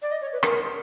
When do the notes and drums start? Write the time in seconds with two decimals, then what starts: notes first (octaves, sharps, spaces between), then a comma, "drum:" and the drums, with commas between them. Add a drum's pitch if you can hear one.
0.02 D5
0.11 D#5
0.21 C#5
0.33 B4
0.43 A#4, drum: rim click